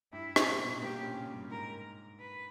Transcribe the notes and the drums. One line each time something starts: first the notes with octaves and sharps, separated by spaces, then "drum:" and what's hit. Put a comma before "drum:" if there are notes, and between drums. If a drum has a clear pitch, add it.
G2 G3 E4
A#2 A#3, drum: rim click
B2 B3
A#2 A#3 G4
C#3 C#4
C#3 C#4
G2 G3
G#2 G#3 A#4
B4